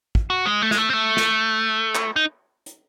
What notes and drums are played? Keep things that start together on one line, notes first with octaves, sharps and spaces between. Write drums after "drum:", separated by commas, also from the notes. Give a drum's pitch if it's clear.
drum: kick
F#4
G#3
A3
G#3, drum: snare
A3
C4
A3
drum: snare
drum: clap
D#4
drum: hi-hat